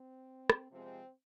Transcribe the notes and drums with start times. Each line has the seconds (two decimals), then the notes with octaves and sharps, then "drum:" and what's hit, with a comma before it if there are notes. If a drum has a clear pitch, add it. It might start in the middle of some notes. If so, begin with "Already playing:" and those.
Already playing: C4
0.50 drum: rim click
0.70 C3 F3 G#3 C4